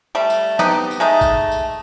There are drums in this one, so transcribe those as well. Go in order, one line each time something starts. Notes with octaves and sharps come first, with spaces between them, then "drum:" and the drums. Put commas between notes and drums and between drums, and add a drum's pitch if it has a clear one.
G3 A3
drum: tambourine
B3 C4 D#4 G4, drum: snare
drum: tambourine
G#3 A3 D#4
drum: kick, tambourine
drum: tambourine